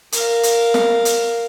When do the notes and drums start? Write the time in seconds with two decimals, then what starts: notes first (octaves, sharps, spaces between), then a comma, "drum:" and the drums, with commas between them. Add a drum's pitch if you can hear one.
0.12 A#4 F5, drum: hi-hat
0.43 drum: hi-hat
0.74 drum: snare
1.05 drum: hi-hat